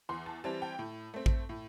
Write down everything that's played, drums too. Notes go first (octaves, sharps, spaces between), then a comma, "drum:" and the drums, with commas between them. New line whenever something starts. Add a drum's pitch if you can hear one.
E2 C6
A5
E3 G3 C4 A5
G5
A2
A3 C4
drum: kick A1
A2